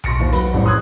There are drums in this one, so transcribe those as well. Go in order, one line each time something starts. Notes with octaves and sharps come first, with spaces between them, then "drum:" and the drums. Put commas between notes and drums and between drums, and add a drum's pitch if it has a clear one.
C6 C#6 A#6 C#7 D7, drum: tom B1
D#2 C5
F#3 B4 B5, drum: hi-hat
A1 E3 G3 C5
C6 D#6 E6 F#6 G#6